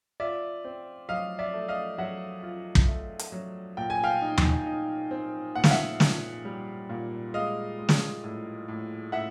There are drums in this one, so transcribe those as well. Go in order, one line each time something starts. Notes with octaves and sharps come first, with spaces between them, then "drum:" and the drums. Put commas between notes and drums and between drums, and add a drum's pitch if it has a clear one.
F4 D5 E5
C4
F#3 D#5 F5
D5 E5
A3
D#5 F5
F#3 E5 F#5
F4
drum: kick
A3
drum: hi-hat
F#3
A#2 G5
G#5
F5 G5
D#4
drum: tom D#2
D#4
C4
A#2 F#5
F5, drum: snare
E5 F#5
A#2, drum: snare
G3
A#2
G#3 D#5 F5
G#3
drum: snare
A2
A2
A2 E5 F#5